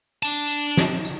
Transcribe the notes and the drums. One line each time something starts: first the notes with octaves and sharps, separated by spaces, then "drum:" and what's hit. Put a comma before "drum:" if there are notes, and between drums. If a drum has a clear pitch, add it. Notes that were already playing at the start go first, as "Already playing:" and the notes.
D4 A5
drum: tambourine
drum: snare
drum: tambourine